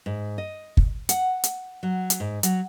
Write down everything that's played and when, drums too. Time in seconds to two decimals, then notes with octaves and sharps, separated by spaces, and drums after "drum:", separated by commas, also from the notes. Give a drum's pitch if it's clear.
0.06 G#2
0.38 D#5
0.77 drum: kick
1.09 F#5, drum: hi-hat
1.44 drum: hi-hat
1.83 F#3
2.10 drum: hi-hat
2.20 G#2
2.43 F#3, drum: hi-hat